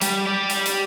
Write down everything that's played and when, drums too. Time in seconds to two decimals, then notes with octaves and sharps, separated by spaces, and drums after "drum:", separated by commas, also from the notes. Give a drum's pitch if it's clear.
0.01 G3, drum: hi-hat
0.26 G4 D5
0.50 drum: hi-hat
0.66 drum: hi-hat